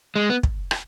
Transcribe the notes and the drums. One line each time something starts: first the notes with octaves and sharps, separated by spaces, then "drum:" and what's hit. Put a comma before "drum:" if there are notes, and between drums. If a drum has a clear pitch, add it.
G#3
B3
drum: kick
drum: rim click